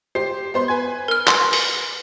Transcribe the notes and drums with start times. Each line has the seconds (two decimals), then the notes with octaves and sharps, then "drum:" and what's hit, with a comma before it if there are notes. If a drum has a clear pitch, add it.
0.15 G4 C5 C7
0.54 B3 C5 C6
0.68 B4 G#5 G#6
1.08 A#4 F6
1.27 C6, drum: clap
1.53 drum: open hi-hat